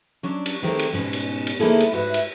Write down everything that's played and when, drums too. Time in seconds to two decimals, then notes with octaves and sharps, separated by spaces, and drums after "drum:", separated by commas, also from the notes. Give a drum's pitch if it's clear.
0.23 F#3 C#4 D4 D5
0.46 drum: cymbal
0.63 D#3 A3 C4 G4 G#4 A#4
0.79 drum: cymbal
0.93 G#2 B2 C#4 D#4
1.13 drum: cymbal
1.47 drum: cymbal
1.60 D2 A#3 D#4 E4 G#4 A4
1.80 drum: cymbal
1.93 G#2 F#4 B4 E5
2.14 drum: cymbal